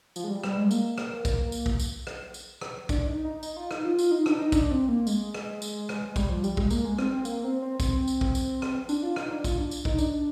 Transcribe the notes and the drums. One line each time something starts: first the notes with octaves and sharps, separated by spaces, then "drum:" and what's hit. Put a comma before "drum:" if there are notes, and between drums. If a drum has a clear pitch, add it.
F3, drum: tambourine
G#3
G3
G3, drum: rim click
G#3
A#3, drum: tambourine
drum: rim click
drum: kick A#1, tambourine
drum: tambourine
drum: kick A#1
drum: tambourine
drum: rim click
drum: tambourine
drum: rim click
D4, drum: kick A#1, tambourine
D#4
D#4
D#4, drum: tambourine
F4
D#4, drum: rim click
F4
F4, drum: tambourine
D#4
D4, drum: rim click
D#4
D4, drum: kick A#1, tambourine
C4
A#3
G#3, drum: tambourine
drum: rim click
drum: tambourine
drum: rim click
G3, drum: kick A#1, tambourine
F3
G3, drum: tambourine
G#3, drum: kick A#1
A#3, drum: tambourine
G#3
C4, drum: rim click
C4
A#3, drum: tambourine
C4
C4
C4, drum: kick A#1, tambourine
drum: tambourine
drum: kick A#1
drum: tambourine
drum: rim click
D4, drum: tambourine
F4
D#4, drum: rim click
D4
F4, drum: kick A#1, tambourine
D4
drum: tambourine
D#4, drum: kick A#1
D4, drum: tambourine